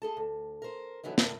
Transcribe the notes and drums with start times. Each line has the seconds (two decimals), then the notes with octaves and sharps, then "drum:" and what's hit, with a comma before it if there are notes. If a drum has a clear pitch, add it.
0.02 G#4 A4 A5
0.17 D2
0.62 A#4 C5
1.03 D3 E3 F#3 B3 D#4
1.18 D2 A#4 B4, drum: snare